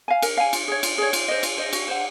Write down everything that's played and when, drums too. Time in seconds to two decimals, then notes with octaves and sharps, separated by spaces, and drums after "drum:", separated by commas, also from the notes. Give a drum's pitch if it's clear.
0.08 F5 G#5
0.22 A#4, drum: cymbal
0.37 F5 G#5
0.53 F4, drum: cymbal
0.68 G#4 C#5
0.83 F4, drum: cymbal
0.98 G#4 C#5
1.13 F4, drum: cymbal
1.28 C5 D#5
1.43 F4, drum: cymbal
1.58 C5 D#5
1.73 F#4, drum: cymbal
1.88 C5 F#5